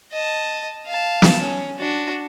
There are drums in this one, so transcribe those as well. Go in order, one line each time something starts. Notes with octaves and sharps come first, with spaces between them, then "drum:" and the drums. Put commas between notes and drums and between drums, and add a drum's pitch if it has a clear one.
D#5 A5
F5 A5
drum: snare
C#4
D4 F#4